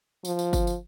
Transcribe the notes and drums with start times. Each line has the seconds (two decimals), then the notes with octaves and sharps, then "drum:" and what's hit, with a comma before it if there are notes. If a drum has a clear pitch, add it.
0.25 F3, drum: tambourine
0.39 drum: tambourine
0.53 drum: kick G1, tambourine
0.67 drum: tambourine